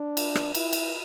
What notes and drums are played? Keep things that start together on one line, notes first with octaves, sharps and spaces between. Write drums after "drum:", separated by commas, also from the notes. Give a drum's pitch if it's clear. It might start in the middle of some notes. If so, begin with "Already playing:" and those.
Already playing: D4
drum: cymbal
drum: rim click
E4, drum: cymbal
drum: cymbal